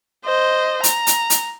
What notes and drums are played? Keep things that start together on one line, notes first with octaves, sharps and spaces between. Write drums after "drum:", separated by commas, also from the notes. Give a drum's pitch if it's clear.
C5 D#5
A#5, drum: hi-hat
drum: hi-hat
drum: hi-hat